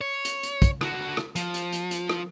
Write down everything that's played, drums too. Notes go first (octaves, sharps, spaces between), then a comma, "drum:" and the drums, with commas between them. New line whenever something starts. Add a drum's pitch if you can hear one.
C#5
drum: hi-hat
drum: hi-hat
drum: kick, hi-hat
D3 F#4, drum: rim click
drum: rim click
F3, drum: hi-hat
drum: hi-hat
drum: hi-hat
drum: hi-hat
drum: rim click